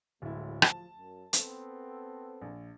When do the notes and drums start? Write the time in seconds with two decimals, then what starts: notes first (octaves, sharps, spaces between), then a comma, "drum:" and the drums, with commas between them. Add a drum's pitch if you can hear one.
0.22 D1 F2 F#3 G#3 E4
0.62 F3 A5, drum: rim click
0.97 F#2
1.33 B3 C4 A4, drum: hi-hat
2.42 A#1